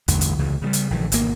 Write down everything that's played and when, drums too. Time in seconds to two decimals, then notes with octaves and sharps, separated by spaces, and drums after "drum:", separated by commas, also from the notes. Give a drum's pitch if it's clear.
0.08 A1 E2 G2 D3, drum: hi-hat
0.21 drum: hi-hat
0.39 C#2 C#3 E3
0.62 C#3 F#3 G3
0.73 drum: hi-hat
0.90 A#1 D3 E3
1.12 G#1 B2 D#3 A#3, drum: hi-hat